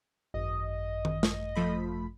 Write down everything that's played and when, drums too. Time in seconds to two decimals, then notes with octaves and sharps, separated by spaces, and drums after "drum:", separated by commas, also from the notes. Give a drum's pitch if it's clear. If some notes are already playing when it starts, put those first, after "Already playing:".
0.34 G#1 F#2 D#5
1.05 drum: tom D#3
1.23 drum: snare
1.55 F3 A3 B5